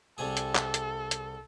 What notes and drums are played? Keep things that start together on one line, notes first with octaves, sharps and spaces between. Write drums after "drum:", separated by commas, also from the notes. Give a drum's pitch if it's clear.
C2 C3 G#4 A4
drum: hi-hat
drum: clap
drum: hi-hat
drum: hi-hat